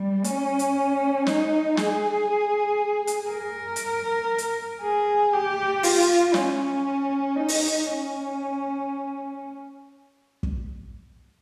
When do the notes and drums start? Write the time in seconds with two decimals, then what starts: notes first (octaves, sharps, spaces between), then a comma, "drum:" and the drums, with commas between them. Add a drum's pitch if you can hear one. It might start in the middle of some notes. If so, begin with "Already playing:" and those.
Already playing: G3
0.24 C#4, drum: hi-hat
0.59 drum: hi-hat
1.27 D#4, drum: snare
1.77 G#4, drum: snare
3.07 drum: hi-hat
3.29 A#4
3.76 drum: hi-hat
4.38 drum: hi-hat
4.82 G#4
5.33 G4
5.83 F4, drum: open hi-hat
6.34 C#4, drum: snare
7.36 D#4
7.48 drum: open hi-hat
7.86 C#4
10.43 drum: kick